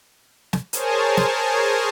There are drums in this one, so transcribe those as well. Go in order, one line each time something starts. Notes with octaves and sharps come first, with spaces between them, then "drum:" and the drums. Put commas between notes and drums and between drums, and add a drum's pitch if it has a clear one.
drum: snare
G#4 A#4 C5 C#5 G#5 A5, drum: hi-hat
drum: snare